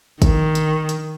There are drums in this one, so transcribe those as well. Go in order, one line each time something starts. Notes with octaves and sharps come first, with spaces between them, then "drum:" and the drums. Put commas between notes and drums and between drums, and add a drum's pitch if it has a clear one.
D#3, drum: kick, hi-hat
drum: hi-hat
drum: hi-hat